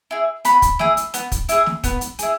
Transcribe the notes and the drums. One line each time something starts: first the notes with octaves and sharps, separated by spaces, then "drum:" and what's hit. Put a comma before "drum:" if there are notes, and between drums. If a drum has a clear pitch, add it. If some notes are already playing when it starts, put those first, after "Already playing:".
E4 G#4
B3 B5, drum: hi-hat
drum: kick, hi-hat
E4 G#4, drum: snare
drum: hi-hat
B3, drum: hi-hat
drum: kick, hi-hat
E4 G#4, drum: hi-hat
drum: snare
B3, drum: kick, hi-hat
drum: hi-hat
E4 G#4, drum: hi-hat